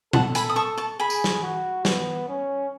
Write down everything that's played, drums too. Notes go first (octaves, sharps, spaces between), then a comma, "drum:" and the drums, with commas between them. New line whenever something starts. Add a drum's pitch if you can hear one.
A4 F#5 A5, drum: tom
G#5 B5, drum: hi-hat
D#6
A5 C#6
A5 C#6
G#4 G#5 B5
drum: tambourine
drum: snare
F#4
B3, drum: snare
C#4